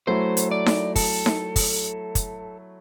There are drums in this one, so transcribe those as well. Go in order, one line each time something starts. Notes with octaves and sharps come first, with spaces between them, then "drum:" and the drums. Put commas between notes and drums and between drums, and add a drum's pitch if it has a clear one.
F#3 A3 E4 C5
drum: hi-hat
D5
drum: snare D#4
A4, drum: kick, open hi-hat
drum: snare D#4
drum: kick, open hi-hat
drum: kick, hi-hat